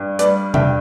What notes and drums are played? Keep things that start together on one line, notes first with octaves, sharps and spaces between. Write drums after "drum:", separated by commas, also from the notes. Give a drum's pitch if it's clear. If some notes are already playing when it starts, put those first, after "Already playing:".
Already playing: G2
G3 B4 D5, drum: hi-hat
G2 E5 G5, drum: tom